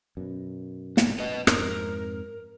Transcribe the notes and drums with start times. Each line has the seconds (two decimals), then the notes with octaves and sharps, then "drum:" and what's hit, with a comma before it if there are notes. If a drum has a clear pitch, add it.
0.17 F#2 B2
0.97 C2 G#2, drum: snare
1.19 B3 D#5
1.47 F2 G#2 C4 A#4, drum: rim click